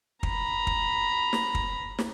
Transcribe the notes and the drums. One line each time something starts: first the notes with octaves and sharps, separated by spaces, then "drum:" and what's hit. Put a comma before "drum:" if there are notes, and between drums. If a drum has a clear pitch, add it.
A#5 B5, drum: kick
drum: kick
drum: snare
drum: kick
drum: snare